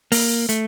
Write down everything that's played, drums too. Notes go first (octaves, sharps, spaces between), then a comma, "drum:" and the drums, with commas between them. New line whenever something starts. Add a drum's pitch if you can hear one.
A#3, drum: open hi-hat
A3, drum: hi-hat